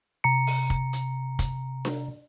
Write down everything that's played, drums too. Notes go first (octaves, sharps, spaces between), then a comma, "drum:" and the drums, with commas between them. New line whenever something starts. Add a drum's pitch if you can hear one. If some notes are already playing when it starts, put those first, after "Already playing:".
C3 A#5 C#7
drum: open hi-hat
drum: kick
drum: hi-hat
drum: kick, hi-hat
drum: snare D4